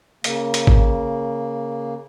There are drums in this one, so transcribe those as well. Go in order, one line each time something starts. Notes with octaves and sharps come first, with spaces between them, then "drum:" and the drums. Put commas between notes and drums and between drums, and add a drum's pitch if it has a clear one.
C#3 A#3, drum: hi-hat
drum: hi-hat
drum: kick G#1